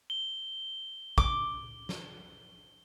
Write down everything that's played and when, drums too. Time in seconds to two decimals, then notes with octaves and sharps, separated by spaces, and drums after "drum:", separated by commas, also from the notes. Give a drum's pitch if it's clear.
0.10 G7
1.18 D6, drum: kick
1.89 drum: snare